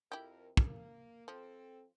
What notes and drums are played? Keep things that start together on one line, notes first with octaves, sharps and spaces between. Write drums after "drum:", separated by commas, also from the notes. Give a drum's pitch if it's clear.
F2 E4 G4 A#4
A#3, drum: kick
F3 C4 A4